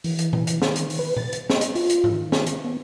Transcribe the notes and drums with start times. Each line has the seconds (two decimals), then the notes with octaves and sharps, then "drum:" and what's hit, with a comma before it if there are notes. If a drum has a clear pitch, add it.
0.04 E3, drum: open hi-hat
0.19 drum: hi-hat
0.33 drum: tom A#2
0.47 drum: hi-hat
0.62 D#3, drum: snare
0.76 drum: hi-hat
0.90 drum: open hi-hat
0.99 B4
1.17 A6, drum: tom A#2
1.33 drum: hi-hat
1.50 D#5, drum: snare
1.61 drum: hi-hat
1.75 F4, drum: open hi-hat
1.90 drum: hi-hat
2.04 drum: tom G#2
2.13 D#3
2.32 drum: snare
2.47 drum: hi-hat
2.64 B3